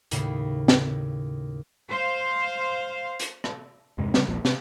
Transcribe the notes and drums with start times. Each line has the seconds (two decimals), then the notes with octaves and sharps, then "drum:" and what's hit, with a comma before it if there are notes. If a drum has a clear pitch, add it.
0.11 D#2 A2 C#3 B5 C7, drum: hi-hat
0.68 drum: snare
1.90 C5 F5
3.19 drum: hi-hat
3.44 drum: rim click
3.98 E2 G2 C3 G#3
4.14 C#3 G3 A3, drum: snare
4.27 D#1 A#1 F3 A#3
4.45 C3, drum: snare